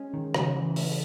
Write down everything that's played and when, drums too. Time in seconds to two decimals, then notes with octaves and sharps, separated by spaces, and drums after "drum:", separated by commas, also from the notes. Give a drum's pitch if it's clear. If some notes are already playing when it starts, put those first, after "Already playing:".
Already playing: G#3 C#4 G#4
0.14 D#3
0.34 C#3, drum: rim click
0.55 E3
0.76 A3, drum: open hi-hat